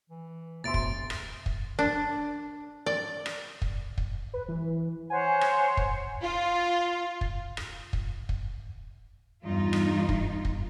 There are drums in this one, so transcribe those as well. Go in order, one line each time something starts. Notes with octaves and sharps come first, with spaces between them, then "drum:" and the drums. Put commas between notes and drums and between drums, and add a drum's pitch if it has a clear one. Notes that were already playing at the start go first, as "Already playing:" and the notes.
E3
E1 D2 E5 C6 A6 D7
drum: kick
drum: rim click
drum: kick
D4
D5
drum: rim click
drum: kick
drum: kick
B4
E3
C5 C#5 F#5 G#5
drum: rim click
drum: kick
F4
drum: kick
drum: rim click
drum: kick
drum: kick
E2 G2 D#4 F4
drum: rim click
drum: kick
drum: kick